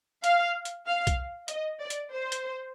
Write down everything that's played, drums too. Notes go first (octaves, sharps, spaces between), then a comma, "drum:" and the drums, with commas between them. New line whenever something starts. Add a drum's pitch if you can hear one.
F5, drum: hi-hat
drum: hi-hat
F5
drum: kick, hi-hat
D#5, drum: hi-hat
D5
drum: hi-hat
C5
drum: hi-hat